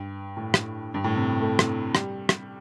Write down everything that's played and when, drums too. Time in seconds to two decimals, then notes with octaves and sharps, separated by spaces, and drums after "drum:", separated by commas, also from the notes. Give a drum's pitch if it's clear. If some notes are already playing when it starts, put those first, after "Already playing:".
Already playing: G2
0.37 A2
0.54 drum: rim click
0.94 G2
1.04 A2
1.16 C3
1.41 A3
1.59 drum: rim click
1.95 G3, drum: rim click
2.29 drum: rim click